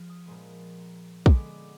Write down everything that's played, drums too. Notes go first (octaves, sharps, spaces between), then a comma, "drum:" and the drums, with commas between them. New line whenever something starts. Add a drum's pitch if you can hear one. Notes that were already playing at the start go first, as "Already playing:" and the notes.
Already playing: F3 G#3 F6
D#6
A#2 F3 G#3 B3
D3 G#3 B3 D6, drum: kick